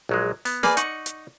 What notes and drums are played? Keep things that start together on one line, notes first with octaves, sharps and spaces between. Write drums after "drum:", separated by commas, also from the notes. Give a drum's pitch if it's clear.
A#1 F#3 G#3
B3, drum: open hi-hat
A#3 G#4 B4 D5, drum: snare
D#4 F#5 C#6, drum: hi-hat
drum: hi-hat